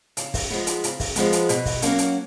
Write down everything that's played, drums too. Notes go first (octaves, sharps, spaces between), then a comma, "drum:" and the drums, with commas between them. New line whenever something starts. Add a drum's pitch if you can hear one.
C#3, drum: hi-hat
drum: kick, open hi-hat
F3 G#3 B3
drum: hi-hat
C#3, drum: hi-hat
drum: kick, open hi-hat
F3 G#3 B3, drum: hi-hat
drum: hi-hat
B2, drum: hi-hat
drum: kick, open hi-hat
F#3 A#3 C#4 F#4, drum: hi-hat
drum: hi-hat